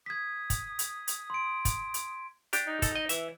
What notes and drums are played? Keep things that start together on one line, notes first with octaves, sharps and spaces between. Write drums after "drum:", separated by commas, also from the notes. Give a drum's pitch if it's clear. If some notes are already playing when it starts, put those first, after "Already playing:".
D#6 G#6 B6
drum: kick, hi-hat
drum: hi-hat
drum: hi-hat
C6 D7
drum: kick, hi-hat
drum: hi-hat
D4 G4, drum: hi-hat
D#4
A4, drum: kick, hi-hat
D#5
E3 E5, drum: hi-hat